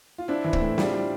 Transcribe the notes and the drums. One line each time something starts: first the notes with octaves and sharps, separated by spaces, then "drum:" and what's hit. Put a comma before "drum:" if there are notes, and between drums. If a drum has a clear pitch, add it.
F4
C4 D4 E4
E3
C4 E4, drum: kick
A2
G3 D4 F4, drum: snare
G3